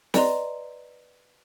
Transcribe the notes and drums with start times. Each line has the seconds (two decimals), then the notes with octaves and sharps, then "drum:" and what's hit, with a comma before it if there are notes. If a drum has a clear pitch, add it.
0.14 B4 D5 D#5 A#5 C6, drum: snare